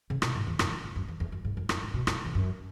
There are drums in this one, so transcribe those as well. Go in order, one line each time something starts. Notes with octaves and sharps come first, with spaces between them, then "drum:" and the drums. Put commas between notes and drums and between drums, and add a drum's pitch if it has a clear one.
C#3
B2, drum: rim click
G#2
E2
F#2, drum: rim click
F#2
G#2
F#2
E2
E2
F#2
G#2
F#2
F#2, drum: rim click
G#2
B2
F#2, drum: rim click
E2
F#2